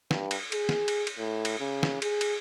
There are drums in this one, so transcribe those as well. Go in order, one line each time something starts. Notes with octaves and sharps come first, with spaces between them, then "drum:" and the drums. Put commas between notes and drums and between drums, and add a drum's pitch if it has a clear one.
G2, drum: snare
drum: cymbal
G#4, drum: cymbal
drum: snare
drum: cymbal
drum: cymbal
A2
drum: cymbal
C#3
drum: snare
G#4, drum: cymbal
drum: cymbal